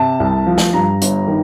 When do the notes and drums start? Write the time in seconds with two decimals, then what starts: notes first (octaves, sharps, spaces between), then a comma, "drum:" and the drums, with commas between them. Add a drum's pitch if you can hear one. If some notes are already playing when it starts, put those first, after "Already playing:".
Already playing: C3 A5
0.20 C2
0.46 F3
0.58 drum: snare
0.73 G2 A#5
1.01 G1, drum: hi-hat
1.28 D#3